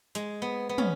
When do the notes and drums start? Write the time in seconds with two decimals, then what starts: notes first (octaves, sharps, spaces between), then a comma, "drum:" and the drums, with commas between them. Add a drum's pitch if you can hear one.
0.15 G#3, drum: hi-hat
0.42 B3
0.69 B3
0.78 C#4, drum: tom